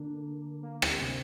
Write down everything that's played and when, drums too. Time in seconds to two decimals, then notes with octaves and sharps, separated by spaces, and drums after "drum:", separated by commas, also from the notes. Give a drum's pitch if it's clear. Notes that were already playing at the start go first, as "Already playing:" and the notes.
Already playing: D3 A#3 D4
0.62 A#3
0.82 drum: rim click
1.01 C3 C4